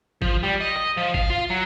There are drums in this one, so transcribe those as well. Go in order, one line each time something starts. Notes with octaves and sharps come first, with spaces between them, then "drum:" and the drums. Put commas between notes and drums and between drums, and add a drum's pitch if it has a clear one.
F3, drum: kick G1
G3
D#5
D#5
F3
F5, drum: kick G1
F4
F#3